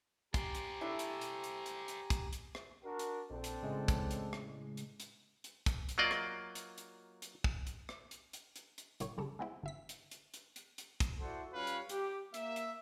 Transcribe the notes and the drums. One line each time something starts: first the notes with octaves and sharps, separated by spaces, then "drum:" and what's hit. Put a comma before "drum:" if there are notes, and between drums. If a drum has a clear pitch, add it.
G4 C5 D5 G#5 A#5, drum: kick, hi-hat
drum: hi-hat
A3 D4 E4
drum: hi-hat
drum: hi-hat
drum: hi-hat
drum: hi-hat
drum: hi-hat
drum: kick, hi-hat
drum: hi-hat
drum: rim click
D4 F#4 A#4
drum: hi-hat
A#1 C4 D4 A4
drum: hi-hat
A2 C#3 G#3
drum: kick, hi-hat
drum: hi-hat
drum: rim click
drum: hi-hat
drum: hi-hat
drum: hi-hat
drum: kick, hi-hat
drum: hi-hat
F#3 A#3 F4 D5 D#5
drum: rim click
drum: hi-hat
drum: hi-hat
drum: hi-hat
drum: kick
drum: hi-hat
drum: rim click
drum: hi-hat
drum: hi-hat
drum: hi-hat
drum: hi-hat
G1 A#2 G3 C#5, drum: hi-hat
G1 C#2 C#3 G3 A4
G#3 B3 C4 E4
G1 E5 B6
drum: hi-hat
drum: hi-hat
drum: hi-hat
drum: hi-hat
drum: hi-hat
drum: kick, hi-hat
E4 F#4 A4 C5 D5 F#5
G3 C#4 F4 B4 C#5 F5
drum: hi-hat
G4, drum: hi-hat
A#3 E5, drum: hi-hat
drum: hi-hat